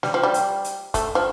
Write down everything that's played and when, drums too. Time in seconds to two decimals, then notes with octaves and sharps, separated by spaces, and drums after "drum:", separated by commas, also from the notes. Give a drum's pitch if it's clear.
0.03 G3, drum: snare
0.14 F3
0.23 G3
0.34 drum: hi-hat
0.64 drum: hi-hat
0.94 A3, drum: kick, hi-hat
1.15 F3